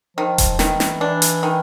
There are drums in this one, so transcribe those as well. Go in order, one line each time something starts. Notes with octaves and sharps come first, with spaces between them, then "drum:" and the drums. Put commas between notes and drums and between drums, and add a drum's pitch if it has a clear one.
D#3 F3
drum: kick E1, hi-hat
D#3 E3, drum: snare
drum: snare
E3 D4
drum: hi-hat
D#3